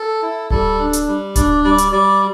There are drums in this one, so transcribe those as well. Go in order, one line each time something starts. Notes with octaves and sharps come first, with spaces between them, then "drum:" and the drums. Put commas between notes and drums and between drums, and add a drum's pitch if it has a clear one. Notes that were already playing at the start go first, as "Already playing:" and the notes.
Already playing: A4
E4
G3 A4, drum: kick D1
D4
drum: hi-hat
G3
D4 D5, drum: kick D1, hi-hat
G3 D5
drum: hi-hat
G3 D5